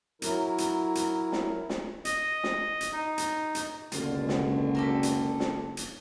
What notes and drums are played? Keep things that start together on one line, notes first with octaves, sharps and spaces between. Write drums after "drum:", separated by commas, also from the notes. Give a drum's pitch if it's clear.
F#3 E4 A#4, drum: hi-hat
drum: hi-hat
drum: hi-hat
drum: snare
drum: snare
D#5, drum: hi-hat
drum: snare
drum: hi-hat
D#4
drum: hi-hat
drum: hi-hat
F#1 C#2 B2 D3 F4, drum: hi-hat
drum: snare
G4 A4 A#4
drum: hi-hat
drum: snare
drum: hi-hat